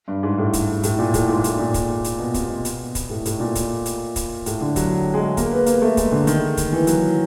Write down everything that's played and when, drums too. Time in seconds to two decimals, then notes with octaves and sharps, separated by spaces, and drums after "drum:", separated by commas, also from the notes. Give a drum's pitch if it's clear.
0.08 G2
0.23 G#2
0.38 A2
0.53 drum: kick, hi-hat
0.83 A2, drum: hi-hat
0.99 A#2
1.14 A2, drum: kick, hi-hat
1.29 G#2
1.44 A2, drum: hi-hat
1.59 A#2
1.74 drum: kick, hi-hat
2.04 drum: hi-hat
2.19 B2
2.34 C3, drum: kick, hi-hat
2.49 B2
2.65 drum: hi-hat
2.95 drum: kick, hi-hat
3.09 A2
3.25 A2, drum: hi-hat
3.40 A#2
3.55 drum: kick, hi-hat
3.86 drum: hi-hat
4.16 drum: kick, hi-hat
4.46 A2, drum: hi-hat
4.61 D3
4.76 F#3, drum: kick, hi-hat
5.14 G#3
5.37 A#3, drum: kick, hi-hat
5.52 B3
5.66 A#3, drum: hi-hat
5.82 A3
5.97 G#3, drum: kick, hi-hat
6.12 D3
6.27 D#3, drum: hi-hat
6.57 drum: kick, hi-hat
6.72 E3
6.87 F#3, drum: hi-hat